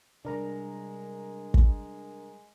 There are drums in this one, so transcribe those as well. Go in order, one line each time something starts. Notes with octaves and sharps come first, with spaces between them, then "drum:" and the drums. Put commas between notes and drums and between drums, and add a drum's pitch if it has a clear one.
C3 G3 G#3 D4 A#4 A#5
drum: kick